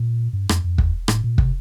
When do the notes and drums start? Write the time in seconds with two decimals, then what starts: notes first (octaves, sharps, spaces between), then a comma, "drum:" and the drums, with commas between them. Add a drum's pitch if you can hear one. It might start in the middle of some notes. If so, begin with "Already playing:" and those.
Already playing: A#2
0.33 G2
0.49 F2, drum: rim click
0.64 F2
0.78 E2, drum: kick
1.08 A2, drum: rim click
1.24 A#2
1.38 C3, drum: kick